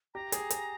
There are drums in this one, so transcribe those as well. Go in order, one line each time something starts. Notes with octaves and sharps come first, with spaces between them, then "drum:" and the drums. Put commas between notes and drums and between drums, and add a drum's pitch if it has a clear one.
G4 A#5
G#4, drum: hi-hat
G#4, drum: hi-hat